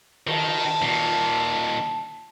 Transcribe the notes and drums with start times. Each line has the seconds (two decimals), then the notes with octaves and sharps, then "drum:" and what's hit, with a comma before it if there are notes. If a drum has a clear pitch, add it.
0.28 D#3 A5, drum: cymbal
0.82 A#2 D#3